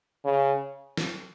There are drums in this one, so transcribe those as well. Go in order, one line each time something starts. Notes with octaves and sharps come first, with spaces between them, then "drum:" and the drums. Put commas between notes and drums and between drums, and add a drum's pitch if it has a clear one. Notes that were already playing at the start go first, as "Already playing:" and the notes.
C#3
drum: snare